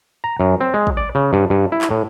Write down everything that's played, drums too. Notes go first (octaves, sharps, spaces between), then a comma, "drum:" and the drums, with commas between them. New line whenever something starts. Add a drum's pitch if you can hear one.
A#5
F#2
C4
G#3
drum: kick
D5
C#3
G2
G2
E4
drum: clap
A2